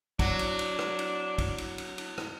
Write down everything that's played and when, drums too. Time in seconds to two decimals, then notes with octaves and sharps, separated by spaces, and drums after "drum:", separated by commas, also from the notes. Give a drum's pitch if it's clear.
0.19 F#3 D4, drum: kick, cymbal
0.39 drum: cymbal
0.59 drum: cymbal
0.79 drum: rim click
0.99 drum: cymbal
1.38 drum: kick, cymbal
1.58 drum: cymbal
1.78 drum: cymbal
1.98 drum: cymbal
2.18 drum: rim click